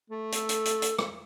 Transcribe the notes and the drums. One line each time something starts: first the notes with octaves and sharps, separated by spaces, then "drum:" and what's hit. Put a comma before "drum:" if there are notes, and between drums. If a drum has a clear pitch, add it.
A3
A4, drum: hi-hat
drum: hi-hat
drum: hi-hat
drum: hi-hat
drum: rim click